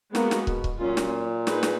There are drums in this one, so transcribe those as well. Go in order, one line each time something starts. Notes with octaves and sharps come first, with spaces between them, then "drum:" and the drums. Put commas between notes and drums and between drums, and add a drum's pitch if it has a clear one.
G#3 A#3 B3 F#4, drum: snare
drum: snare
B2, drum: kick
drum: kick
A#2 F#3 C#4 F4
drum: snare
D#4 G#4 B4, drum: snare
drum: snare